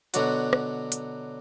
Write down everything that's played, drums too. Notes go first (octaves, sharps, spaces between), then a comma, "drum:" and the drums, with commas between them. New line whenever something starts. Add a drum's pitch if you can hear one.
B2 D3 F#3 D4 F#4, drum: hi-hat
drum: rim click
drum: hi-hat